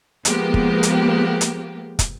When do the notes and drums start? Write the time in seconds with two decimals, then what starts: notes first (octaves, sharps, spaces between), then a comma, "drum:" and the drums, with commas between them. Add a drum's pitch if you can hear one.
0.25 F3 G#3 A#3 B3 G4, drum: hi-hat
0.54 drum: kick
0.83 drum: hi-hat
1.41 drum: hi-hat
1.99 drum: kick, hi-hat